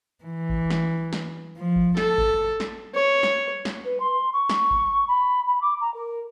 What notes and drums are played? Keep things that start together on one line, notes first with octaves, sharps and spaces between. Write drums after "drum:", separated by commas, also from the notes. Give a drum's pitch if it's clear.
E3
drum: kick G#1
drum: snare
drum: snare
F3
drum: kick G#1
A4, drum: snare
drum: kick G#1
drum: snare
C#5
drum: snare
drum: snare
B4
C6
C#6
drum: snare
drum: kick G#1
B5
B5
D6
A#5
A#4